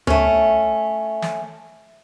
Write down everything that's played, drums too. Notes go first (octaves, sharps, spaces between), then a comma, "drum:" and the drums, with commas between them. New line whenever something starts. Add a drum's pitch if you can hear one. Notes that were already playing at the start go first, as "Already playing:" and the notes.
A3 C#4, drum: tom D2
drum: snare